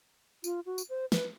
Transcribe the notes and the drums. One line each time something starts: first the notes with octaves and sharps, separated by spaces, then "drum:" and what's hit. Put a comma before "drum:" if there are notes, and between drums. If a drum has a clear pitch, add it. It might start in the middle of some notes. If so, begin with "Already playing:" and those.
F4, drum: tambourine
F#4
drum: tambourine
C5
B4, drum: snare